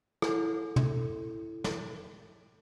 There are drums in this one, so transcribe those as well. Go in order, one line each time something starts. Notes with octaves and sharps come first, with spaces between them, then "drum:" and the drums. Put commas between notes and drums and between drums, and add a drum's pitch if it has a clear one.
E4 A4, drum: rim click
drum: tom
drum: snare